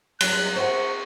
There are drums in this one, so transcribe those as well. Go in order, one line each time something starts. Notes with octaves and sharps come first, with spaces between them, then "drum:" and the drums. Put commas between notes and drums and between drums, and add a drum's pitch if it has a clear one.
F#3 G3 F#6, drum: cymbal
C5 E5 F#5 C#6